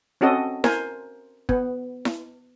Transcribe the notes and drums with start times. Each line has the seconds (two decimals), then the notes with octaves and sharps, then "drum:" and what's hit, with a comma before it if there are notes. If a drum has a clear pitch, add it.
0.21 C4 C#4 F#4 A4 D#5
0.64 A#4 C5 G#5, drum: snare E4
1.49 B3, drum: kick
2.05 drum: snare E4